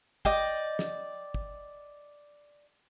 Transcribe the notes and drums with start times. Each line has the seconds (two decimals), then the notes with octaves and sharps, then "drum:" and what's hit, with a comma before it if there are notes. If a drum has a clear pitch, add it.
0.25 D5 D#5 G5, drum: kick
0.79 drum: snare
1.34 drum: kick